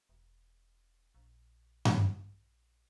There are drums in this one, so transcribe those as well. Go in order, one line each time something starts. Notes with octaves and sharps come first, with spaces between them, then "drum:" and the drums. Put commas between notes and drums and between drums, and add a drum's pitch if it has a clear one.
E1
A#1
drum: tom G2